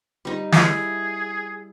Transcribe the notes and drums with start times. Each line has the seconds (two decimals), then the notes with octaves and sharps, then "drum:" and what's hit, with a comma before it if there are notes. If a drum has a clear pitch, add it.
0.25 G3 D#4
0.52 E4 G#4, drum: snare